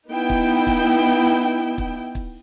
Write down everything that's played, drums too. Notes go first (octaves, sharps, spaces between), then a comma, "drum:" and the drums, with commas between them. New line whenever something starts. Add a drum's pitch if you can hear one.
B3 D#4 E4 G5
drum: kick
drum: kick
drum: kick
drum: kick